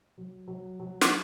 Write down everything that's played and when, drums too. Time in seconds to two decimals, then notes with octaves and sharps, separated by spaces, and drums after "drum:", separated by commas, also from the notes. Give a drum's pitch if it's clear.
0.18 F#3
0.48 F#3
0.80 F#3
1.01 drum: snare